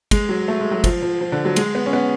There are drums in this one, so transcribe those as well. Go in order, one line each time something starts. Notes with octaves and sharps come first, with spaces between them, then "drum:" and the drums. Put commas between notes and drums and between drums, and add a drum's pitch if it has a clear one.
G#3, drum: kick, cymbal
F#3
A3
G#3
F#3
F3, drum: kick, cymbal
F3
F3
D3
F#3
G#3, drum: cymbal
B3
C#4
B3